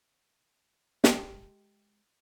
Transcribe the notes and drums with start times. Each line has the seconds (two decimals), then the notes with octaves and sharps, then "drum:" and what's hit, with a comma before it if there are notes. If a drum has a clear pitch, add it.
1.04 G#3 G4 A4, drum: snare